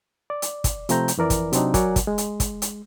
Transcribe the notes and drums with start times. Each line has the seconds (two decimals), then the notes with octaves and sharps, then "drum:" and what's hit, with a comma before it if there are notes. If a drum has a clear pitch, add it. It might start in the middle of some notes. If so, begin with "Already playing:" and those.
0.30 D5
0.42 drum: hi-hat
0.64 drum: kick, hi-hat
0.89 C3 F3 A3 C4 A#5 G6, drum: hi-hat
1.08 drum: hi-hat
1.17 F2 E3 A#4 D5
1.30 drum: kick, hi-hat
1.53 C3 F#3 C4 D4 D#4, drum: hi-hat
1.74 F#3 A#4 D5 F#5 G#5, drum: kick, hi-hat
1.96 drum: kick, hi-hat
2.07 G#3
2.18 drum: hi-hat
2.40 drum: kick, hi-hat
2.62 drum: hi-hat